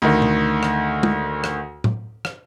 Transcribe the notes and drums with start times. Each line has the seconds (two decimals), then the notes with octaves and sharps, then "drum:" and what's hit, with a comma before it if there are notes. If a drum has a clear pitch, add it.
0.02 D2 D#3
0.22 drum: tom B2
0.63 drum: rim click
1.03 drum: tom
1.44 drum: rim click
1.84 drum: tom A2
2.25 drum: rim click